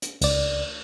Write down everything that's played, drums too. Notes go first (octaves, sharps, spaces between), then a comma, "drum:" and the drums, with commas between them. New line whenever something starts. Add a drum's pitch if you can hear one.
drum: hi-hat
C#2 D5, drum: cymbal